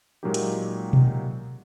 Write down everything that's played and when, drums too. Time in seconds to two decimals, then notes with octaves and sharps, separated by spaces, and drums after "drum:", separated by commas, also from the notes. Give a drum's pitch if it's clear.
0.23 A#2 F#3 G#3 A#3 D#4 G4
0.34 drum: hi-hat
0.93 drum: tom B2